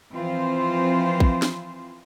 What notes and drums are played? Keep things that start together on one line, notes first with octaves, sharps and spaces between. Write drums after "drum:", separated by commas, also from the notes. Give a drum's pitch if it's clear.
E3 F3 C4 F4 C5
drum: kick
drum: snare